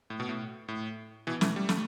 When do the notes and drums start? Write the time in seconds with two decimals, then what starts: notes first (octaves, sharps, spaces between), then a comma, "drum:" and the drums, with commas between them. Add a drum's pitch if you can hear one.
0.10 A2
0.20 B2
0.29 A2
0.68 A2
1.27 B2 E3
1.41 E3 A3, drum: snare
1.56 G3
1.69 A3, drum: snare